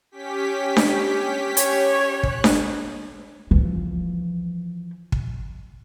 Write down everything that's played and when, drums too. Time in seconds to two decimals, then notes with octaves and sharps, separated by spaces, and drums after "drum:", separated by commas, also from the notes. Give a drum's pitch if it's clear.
0.11 C#4 G4 B6
0.77 drum: snare D4
1.57 C#5, drum: hi-hat
2.23 F#6, drum: kick
2.44 drum: snare D4
3.51 E3 F3
5.12 drum: kick